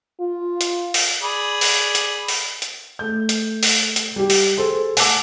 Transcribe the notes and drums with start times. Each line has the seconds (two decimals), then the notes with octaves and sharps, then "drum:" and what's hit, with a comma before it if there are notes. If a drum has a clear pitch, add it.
0.21 F4
0.61 drum: hi-hat
0.94 drum: open hi-hat
1.23 G#4 D5 B5
1.61 drum: open hi-hat
1.95 drum: hi-hat
2.28 drum: open hi-hat
2.62 drum: hi-hat
2.99 A3 G6
3.29 drum: hi-hat
3.63 drum: open hi-hat
3.96 drum: hi-hat
4.16 G3 G4
4.30 drum: open hi-hat
4.58 G#4 A4 C5 C6
4.97 F#5 G#5 A5 D6 E6, drum: open hi-hat